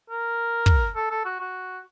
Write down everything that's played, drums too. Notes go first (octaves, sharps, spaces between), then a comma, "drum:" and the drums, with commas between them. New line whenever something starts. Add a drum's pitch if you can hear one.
A#4
drum: kick
A4
A4
F#4
F#4